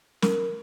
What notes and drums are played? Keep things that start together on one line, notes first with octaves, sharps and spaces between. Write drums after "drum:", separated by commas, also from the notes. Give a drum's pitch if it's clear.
A#4, drum: snare